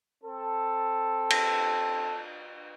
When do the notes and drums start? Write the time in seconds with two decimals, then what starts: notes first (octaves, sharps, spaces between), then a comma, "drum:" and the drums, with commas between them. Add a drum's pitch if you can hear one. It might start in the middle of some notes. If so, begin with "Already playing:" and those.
0.24 C4 A4
1.30 drum: cymbal